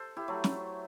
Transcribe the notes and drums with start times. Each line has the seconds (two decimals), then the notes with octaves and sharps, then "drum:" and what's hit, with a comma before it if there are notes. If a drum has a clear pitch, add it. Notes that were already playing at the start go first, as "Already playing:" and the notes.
Already playing: A4 C5
0.17 E4 G4
0.28 F#3 A3
0.44 drum: snare